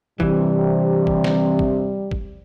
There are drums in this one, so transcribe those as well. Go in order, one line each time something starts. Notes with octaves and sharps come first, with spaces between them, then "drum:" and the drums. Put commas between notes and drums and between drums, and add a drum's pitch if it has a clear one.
G2 C3 E3 G3, drum: kick
drum: kick
drum: snare
drum: kick
drum: kick